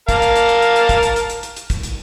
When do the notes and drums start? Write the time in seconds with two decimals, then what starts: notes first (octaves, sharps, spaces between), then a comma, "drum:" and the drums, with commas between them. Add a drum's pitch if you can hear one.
0.09 A#4 F5 A5, drum: kick, hi-hat
0.22 drum: hi-hat
0.35 drum: hi-hat
0.49 drum: hi-hat
0.62 drum: hi-hat
0.76 drum: hi-hat
0.89 drum: kick, hi-hat
1.03 drum: hi-hat
1.16 drum: hi-hat
1.30 drum: hi-hat
1.43 drum: hi-hat
1.56 drum: hi-hat
1.70 drum: kick, hi-hat
1.83 drum: hi-hat